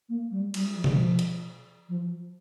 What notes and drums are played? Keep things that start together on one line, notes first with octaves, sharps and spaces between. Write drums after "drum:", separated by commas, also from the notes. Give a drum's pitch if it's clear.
A#3
G3
G3, drum: cymbal
F3
D3, drum: tom B2
F3
drum: hi-hat
F3